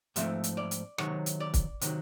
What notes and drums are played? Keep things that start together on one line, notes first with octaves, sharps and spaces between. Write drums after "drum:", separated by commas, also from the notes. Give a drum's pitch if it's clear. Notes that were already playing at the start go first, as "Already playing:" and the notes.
G#2 F3 A3 C4 E5, drum: hi-hat
drum: hi-hat
D5
drum: hi-hat
C3 D#3 F#3 C#5, drum: rim click
drum: hi-hat
D5
drum: kick, hi-hat
C3 D#3 F#3, drum: hi-hat